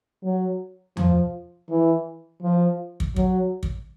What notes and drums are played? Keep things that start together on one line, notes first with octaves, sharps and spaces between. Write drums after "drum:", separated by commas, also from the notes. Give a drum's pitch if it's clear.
F#3
F3, drum: tom E2
E3
F3
drum: kick
F#3, drum: kick
drum: kick